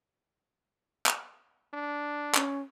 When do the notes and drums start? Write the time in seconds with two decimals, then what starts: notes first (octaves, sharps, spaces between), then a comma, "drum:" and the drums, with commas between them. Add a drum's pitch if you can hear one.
1.06 drum: clap
1.73 D4
2.35 C#4, drum: clap